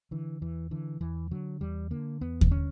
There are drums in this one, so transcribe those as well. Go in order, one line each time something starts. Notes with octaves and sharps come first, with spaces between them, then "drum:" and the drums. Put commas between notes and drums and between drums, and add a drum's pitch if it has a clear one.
D3 E3
E2 E3
D3 E3
E2 E3
D3 F#3
E2 G3
D3 A#3
E2 B3
drum: kick D#2
D3 C#4